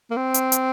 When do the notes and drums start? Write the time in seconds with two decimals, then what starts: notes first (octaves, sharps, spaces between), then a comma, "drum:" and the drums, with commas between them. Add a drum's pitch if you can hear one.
0.11 A#3
0.17 C4
0.34 drum: hi-hat
0.52 drum: hi-hat